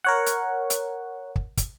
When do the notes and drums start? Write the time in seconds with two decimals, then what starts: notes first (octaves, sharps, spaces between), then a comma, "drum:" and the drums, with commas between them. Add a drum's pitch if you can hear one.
0.04 A#4 C#5 F#5
0.26 drum: hi-hat
0.70 drum: hi-hat
1.36 drum: kick
1.57 drum: kick, hi-hat